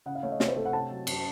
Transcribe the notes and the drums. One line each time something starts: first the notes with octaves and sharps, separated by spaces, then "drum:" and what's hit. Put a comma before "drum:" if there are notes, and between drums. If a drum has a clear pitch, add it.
C#3 F#5
F5
A3 C#5
D#5
C3 C#5, drum: snare
C5
A3 A4
F#5
C3 A5
F#3
F#2, drum: cymbal